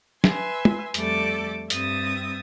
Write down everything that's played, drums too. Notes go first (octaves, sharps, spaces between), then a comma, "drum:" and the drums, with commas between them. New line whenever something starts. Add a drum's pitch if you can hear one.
B4 E5 G#5 C6, drum: snare
drum: tom
F2 G3 A3 A4 D5 D6, drum: hi-hat
G2 G3 C4 E5 D#6 A6, drum: hi-hat